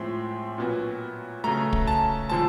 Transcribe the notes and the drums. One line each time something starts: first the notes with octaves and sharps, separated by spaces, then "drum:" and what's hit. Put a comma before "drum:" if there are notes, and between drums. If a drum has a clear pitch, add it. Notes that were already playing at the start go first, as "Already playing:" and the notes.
Already playing: A2 F3 G#3 C4 C6
A#2 F#3 B3
C#3 F#3 A3 A#5
drum: kick
A5
D3 F3 G#3 A5